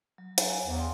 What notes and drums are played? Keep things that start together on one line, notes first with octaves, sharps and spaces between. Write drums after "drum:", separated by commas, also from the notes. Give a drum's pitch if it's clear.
F#3
G#5 A#5, drum: hi-hat
E2
F5 G5 C6